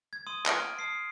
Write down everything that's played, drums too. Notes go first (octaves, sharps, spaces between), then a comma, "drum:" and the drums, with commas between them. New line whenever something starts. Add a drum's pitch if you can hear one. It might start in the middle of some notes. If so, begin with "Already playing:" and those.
G#6
C6 D#6 D#7 F#7
F6 G#6 A#6 D7, drum: clap
A5 D#6 C7